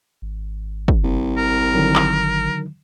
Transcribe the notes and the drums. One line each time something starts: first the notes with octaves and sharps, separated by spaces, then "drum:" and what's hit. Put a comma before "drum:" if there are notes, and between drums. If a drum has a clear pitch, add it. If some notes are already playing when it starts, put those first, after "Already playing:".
G#1
drum: kick
C2
A#4
D3 D#3 F#3
drum: clap